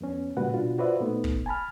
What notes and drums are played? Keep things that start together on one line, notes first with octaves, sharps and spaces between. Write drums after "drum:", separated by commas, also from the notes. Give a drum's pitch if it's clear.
F2 B3 C#4
A#2 C#3 G3 F#4 B4 F#5
B2 D4 F4 F#4
F4 F#4 B4 C5 D5 E5
A#2 A3 B3 D#4
drum: kick
G#5 A5 B5 F6